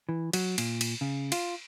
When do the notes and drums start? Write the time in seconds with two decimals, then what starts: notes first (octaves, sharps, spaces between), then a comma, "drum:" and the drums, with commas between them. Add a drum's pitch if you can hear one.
0.09 E3
0.33 F#3, drum: cymbal
0.58 A#2, drum: cymbal
0.81 drum: cymbal
1.01 C#3
1.32 F4, drum: cymbal